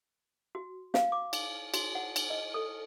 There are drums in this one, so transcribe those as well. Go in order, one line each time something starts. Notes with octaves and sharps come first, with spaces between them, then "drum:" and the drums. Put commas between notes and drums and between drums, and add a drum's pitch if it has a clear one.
F#4
F5, drum: snare
D6
drum: cymbal
F#4, drum: cymbal
F#5
drum: cymbal
D#5
A4